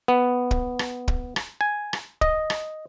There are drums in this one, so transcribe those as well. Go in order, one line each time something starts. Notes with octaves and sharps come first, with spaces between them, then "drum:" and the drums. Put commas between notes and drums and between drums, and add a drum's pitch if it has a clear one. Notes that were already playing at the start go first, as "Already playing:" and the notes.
B3
drum: kick
drum: rim click
drum: kick
drum: rim click
G#5
drum: rim click
D#5, drum: kick
drum: rim click